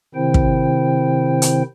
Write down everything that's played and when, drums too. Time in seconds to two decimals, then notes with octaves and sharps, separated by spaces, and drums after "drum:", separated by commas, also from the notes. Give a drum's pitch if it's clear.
0.15 C3 D#3 C4 E4 C5 G5
0.34 drum: kick
1.42 drum: hi-hat